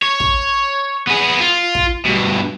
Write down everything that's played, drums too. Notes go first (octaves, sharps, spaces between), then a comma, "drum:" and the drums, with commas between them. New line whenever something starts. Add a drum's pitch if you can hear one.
C#5
drum: kick
B3 G#4
F4
drum: kick
G2 B2